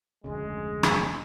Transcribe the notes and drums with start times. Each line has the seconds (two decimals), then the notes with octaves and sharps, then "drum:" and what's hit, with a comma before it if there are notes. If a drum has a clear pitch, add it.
0.24 F1 D2 C#3 G#3
0.83 drum: rim click